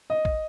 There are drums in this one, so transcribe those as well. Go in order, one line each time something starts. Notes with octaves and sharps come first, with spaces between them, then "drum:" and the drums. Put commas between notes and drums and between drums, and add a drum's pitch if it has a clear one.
D#5
drum: kick